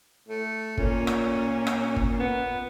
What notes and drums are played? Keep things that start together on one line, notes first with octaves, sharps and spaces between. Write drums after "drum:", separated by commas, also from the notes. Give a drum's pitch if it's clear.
A3
A#2 C#4, drum: kick G1
drum: rim click
drum: rim click
drum: kick G1
B3